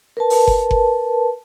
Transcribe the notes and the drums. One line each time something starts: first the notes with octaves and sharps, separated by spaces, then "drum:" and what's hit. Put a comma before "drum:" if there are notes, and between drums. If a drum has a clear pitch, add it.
A#4 B4 A5
drum: open hi-hat
drum: kick F#1
drum: kick F#1